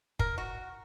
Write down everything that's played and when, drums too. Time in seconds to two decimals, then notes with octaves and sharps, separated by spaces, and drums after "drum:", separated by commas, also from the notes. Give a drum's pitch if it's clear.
0.19 A#4, drum: kick
0.38 F#4